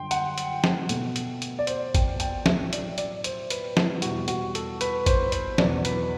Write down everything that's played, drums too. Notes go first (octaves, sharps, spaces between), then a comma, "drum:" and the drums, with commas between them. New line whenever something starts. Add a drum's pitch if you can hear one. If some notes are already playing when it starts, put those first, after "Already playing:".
Already playing: F#2 D3 G3 G5 C6
F#5, drum: hi-hat
drum: hi-hat
drum: snare
B2 A3, drum: hi-hat
drum: hi-hat
drum: hi-hat
D5
C5, drum: hi-hat
G5, drum: kick A1, hi-hat
G5, drum: hi-hat
A2 F#3 A3 E5, drum: snare
D5, drum: hi-hat
D5, drum: hi-hat
C5, drum: hi-hat
B4, drum: hi-hat
E4, drum: snare
E2 B2 G3 F#4, drum: hi-hat
F#4, drum: hi-hat
A4, drum: hi-hat
B4, drum: hi-hat
C5, drum: kick A1, hi-hat
C5, drum: hi-hat
E2 B2 F#3 D5, drum: snare
B4, drum: hi-hat